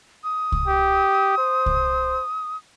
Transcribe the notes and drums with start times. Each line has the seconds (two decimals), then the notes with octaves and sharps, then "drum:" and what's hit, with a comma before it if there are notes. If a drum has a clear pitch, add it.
0.24 D#6
0.52 drum: kick C2
0.68 G4
1.38 C5
1.66 drum: kick C2